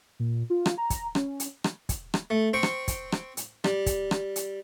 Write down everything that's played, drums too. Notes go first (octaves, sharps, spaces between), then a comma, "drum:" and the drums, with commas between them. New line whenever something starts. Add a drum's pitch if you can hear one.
A#2
F4
drum: rim click
A#5
drum: kick, hi-hat
C#4, drum: rim click
drum: hi-hat
drum: rim click
drum: kick, hi-hat
drum: rim click
A3
C4 G5 C#6
drum: rim click
drum: kick, hi-hat
drum: rim click
drum: hi-hat
G3, drum: rim click
drum: kick, hi-hat
drum: rim click
drum: hi-hat